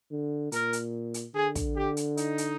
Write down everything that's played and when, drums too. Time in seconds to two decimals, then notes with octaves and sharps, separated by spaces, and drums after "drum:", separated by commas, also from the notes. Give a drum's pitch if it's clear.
0.11 D3
0.52 A#2 A#4, drum: hi-hat
0.73 drum: hi-hat
1.14 drum: hi-hat
1.35 D3 G#4
1.55 drum: kick, hi-hat
1.76 G4
1.97 drum: hi-hat
2.17 D#4, drum: hi-hat
2.38 drum: hi-hat